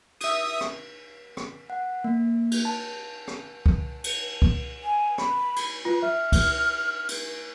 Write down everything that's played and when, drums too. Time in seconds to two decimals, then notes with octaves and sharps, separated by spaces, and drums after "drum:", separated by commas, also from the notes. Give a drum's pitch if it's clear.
0.21 E5 D#6, drum: cymbal
0.61 drum: rim click
1.37 drum: rim click
1.70 F#5
2.04 A#3
2.51 drum: cymbal
2.65 A5
3.28 drum: rim click
3.66 drum: kick C2
4.04 drum: cymbal
4.42 drum: kick C2
4.84 G#5
5.18 B5, drum: rim click
5.56 drum: cymbal
5.85 F4 B4
6.02 E5 F6
6.32 drum: kick C2, cymbal
7.09 drum: cymbal